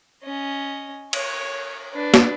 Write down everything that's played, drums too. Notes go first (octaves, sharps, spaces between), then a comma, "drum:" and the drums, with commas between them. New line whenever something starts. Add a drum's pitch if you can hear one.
C#4 D#5
C#5, drum: cymbal
D4 B4
drum: snare